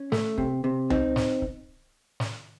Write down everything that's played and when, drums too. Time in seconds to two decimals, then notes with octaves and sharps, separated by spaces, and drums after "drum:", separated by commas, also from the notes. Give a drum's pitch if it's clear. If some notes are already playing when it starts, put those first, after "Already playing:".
Already playing: C#4
0.12 A3, drum: snare
0.38 C3, drum: kick
0.64 C3
0.90 C4 D#4, drum: tom C#2
1.16 drum: snare
1.42 drum: kick
2.20 drum: snare